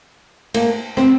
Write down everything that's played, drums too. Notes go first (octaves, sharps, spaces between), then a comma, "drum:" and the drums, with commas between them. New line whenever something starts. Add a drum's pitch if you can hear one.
A#3, drum: cymbal
C4, drum: rim click